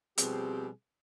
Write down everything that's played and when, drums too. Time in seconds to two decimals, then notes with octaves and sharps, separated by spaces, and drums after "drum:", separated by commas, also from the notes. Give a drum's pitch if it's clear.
0.18 B2 F3 G3 C4 G4 G#4, drum: hi-hat